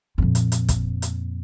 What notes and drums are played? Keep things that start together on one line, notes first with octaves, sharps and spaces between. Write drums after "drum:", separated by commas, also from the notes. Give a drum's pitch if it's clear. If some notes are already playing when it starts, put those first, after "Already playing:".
F2 A#2
drum: hi-hat
drum: hi-hat
drum: kick, hi-hat
drum: hi-hat